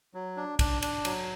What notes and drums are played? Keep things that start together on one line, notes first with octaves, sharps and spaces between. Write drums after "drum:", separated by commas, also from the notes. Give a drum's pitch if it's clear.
F#3
D4
D4, drum: kick, cymbal
D4, drum: cymbal
F#3, drum: cymbal